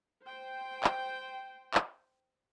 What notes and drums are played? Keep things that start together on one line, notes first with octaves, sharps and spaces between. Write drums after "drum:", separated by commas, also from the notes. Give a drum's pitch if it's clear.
C5 G5
drum: clap
drum: clap